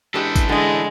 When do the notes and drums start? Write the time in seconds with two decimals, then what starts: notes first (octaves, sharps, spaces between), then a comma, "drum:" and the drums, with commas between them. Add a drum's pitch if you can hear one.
0.14 E3 G#3 D4 G4 A4
0.36 drum: kick, tambourine
0.49 D3 G#3 D#5